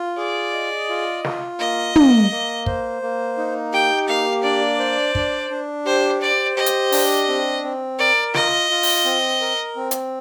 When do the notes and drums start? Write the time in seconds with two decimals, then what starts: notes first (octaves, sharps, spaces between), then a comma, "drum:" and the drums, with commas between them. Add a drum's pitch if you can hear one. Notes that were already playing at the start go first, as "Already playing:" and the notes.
Already playing: F4
0.18 G#4 D5
0.54 D#5
0.89 F4
1.25 F4, drum: snare
1.59 A#3 D#5
1.96 A#3, drum: tom
2.31 A#3
2.66 C5, drum: kick
3.02 A#3
3.38 D#4
3.73 G4 G5
4.08 A#3 F5
4.44 D4 D5
4.79 C5
5.15 D4, drum: kick
5.50 D4
5.86 G4 C5
6.22 C5 D5
6.57 G4 D#5
6.66 drum: hi-hat
6.92 D4, drum: open hi-hat
7.28 C4
7.63 C4
7.99 A#4 D5
8.34 F4 D#5, drum: snare
8.70 F4
8.83 drum: open hi-hat
9.05 C4
9.41 A#4
9.76 C4
9.91 drum: hi-hat